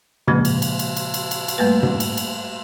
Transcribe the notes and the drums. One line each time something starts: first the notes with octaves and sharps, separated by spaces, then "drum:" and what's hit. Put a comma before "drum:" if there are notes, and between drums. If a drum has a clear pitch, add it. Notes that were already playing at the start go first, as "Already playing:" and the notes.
A#2 C#3 F3 G#3 A#3, drum: tom
drum: cymbal
drum: cymbal
drum: cymbal
drum: cymbal
drum: cymbal
drum: cymbal
drum: cymbal
G#2 G3 A3 A#3 B4
drum: tom
drum: cymbal
drum: cymbal